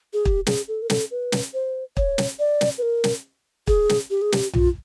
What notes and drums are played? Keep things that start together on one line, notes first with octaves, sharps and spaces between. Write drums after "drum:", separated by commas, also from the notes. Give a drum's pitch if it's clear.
G#4
G4, drum: kick
G#4, drum: snare
A4
A#4
A4, drum: snare
B4
drum: snare
C5
C#5, drum: kick
drum: snare
D5
drum: snare
B4
A#4
drum: snare
G#4, drum: kick
drum: snare
G4
G#4
G4, drum: snare
F4, drum: tom B1